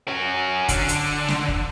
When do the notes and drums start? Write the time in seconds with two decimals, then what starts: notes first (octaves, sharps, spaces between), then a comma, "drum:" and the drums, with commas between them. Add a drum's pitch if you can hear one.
0.08 C#4 F#4
0.69 D3, drum: kick, hi-hat
0.88 drum: hi-hat
1.28 drum: snare
1.48 drum: kick